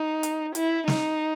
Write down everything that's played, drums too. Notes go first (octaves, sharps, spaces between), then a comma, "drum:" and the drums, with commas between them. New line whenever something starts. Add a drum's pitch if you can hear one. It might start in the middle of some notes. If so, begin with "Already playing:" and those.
Already playing: D#4
drum: hi-hat
E4, drum: hi-hat
D#4, drum: snare